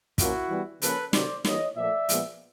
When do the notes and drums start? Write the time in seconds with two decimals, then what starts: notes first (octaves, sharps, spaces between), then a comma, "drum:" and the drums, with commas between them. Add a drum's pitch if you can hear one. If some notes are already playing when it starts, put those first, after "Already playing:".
0.18 A#2 F3 A#3 C#4 E4 F#4, drum: kick, hi-hat
0.50 E3 G3 B3
0.82 C#3 F3 A#3 C#4 A4 B4, drum: hi-hat
1.13 C3 D#3 F#3 C5 D5, drum: snare
1.45 E3 G3 A#3 C#5 D#5, drum: snare
1.76 A#2 F3 A3 D5 E5
2.09 A#2 F3 G#3 B3, drum: hi-hat